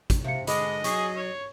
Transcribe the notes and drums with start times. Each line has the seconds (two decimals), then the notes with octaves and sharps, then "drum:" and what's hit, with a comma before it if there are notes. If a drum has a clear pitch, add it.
0.10 drum: kick, hi-hat
0.24 C3 E5 F5 C#7
0.47 D3 G#3 G#4 D#5 B5 D6 D#6, drum: hi-hat
0.84 F#3 G#4 C#6 C7, drum: hi-hat
1.16 C#5